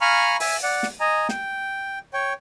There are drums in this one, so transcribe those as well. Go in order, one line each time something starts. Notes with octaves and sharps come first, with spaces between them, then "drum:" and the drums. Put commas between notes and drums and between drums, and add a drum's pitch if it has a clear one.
F5 G#5 A#5 B5 C#6 F6
E5 G#5, drum: open hi-hat
D5 F#5
drum: snare
D#5 G#5 A#5
G5, drum: snare
C#5 G5